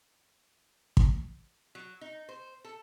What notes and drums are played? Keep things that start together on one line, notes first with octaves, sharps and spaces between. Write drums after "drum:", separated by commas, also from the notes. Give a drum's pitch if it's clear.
drum: kick
F#3
D#4
C5
A4